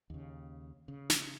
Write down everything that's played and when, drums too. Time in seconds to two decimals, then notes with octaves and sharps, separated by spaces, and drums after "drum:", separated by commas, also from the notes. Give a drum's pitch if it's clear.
0.10 D#2 C#3
0.88 C#3
1.10 drum: snare